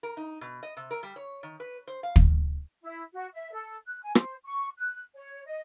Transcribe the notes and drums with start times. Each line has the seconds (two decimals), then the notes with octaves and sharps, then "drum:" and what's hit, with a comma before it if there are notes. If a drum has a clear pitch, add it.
0.03 A#4
0.17 D#4
0.41 B2
0.63 D#5
0.77 C3
0.91 A#4
1.03 G3
1.16 C#5
1.43 D#3
1.60 B4
1.87 C5
2.03 F5
2.16 drum: kick
2.83 E4
3.13 F#4
3.34 E5
3.52 A4
3.86 F#6
4.02 G#5
4.15 C5, drum: rim click
4.44 C#6
4.78 F#6
5.14 C#5
5.45 D#5